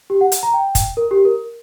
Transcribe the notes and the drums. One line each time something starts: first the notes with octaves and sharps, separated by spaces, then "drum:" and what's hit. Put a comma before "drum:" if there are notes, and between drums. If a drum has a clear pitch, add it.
G4
F#5
drum: hi-hat
A#5
G5
drum: kick, hi-hat
A#4
G4
A#4